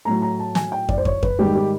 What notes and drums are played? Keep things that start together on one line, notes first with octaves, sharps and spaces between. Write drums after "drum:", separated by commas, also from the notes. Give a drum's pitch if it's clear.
A2 F#3 A#5
A#5
A5
G#5, drum: snare
G5
D5, drum: kick
C5
C#5, drum: kick
B4, drum: kick
G#2 D#3 G3 G4
G4